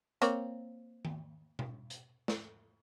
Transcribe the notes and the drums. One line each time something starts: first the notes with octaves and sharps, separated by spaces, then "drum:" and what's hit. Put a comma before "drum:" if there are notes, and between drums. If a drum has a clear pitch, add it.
A#3 C4 C#5, drum: hi-hat
drum: tom D#3
drum: tom B2
drum: hi-hat
drum: snare